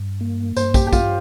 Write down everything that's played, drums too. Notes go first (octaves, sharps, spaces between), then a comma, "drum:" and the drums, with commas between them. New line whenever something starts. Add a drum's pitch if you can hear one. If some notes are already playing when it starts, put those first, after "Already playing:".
Already playing: G2
A#3
G2 C5, drum: tambourine
G4, drum: kick, tambourine
G4
G2 F4, drum: kick, tambourine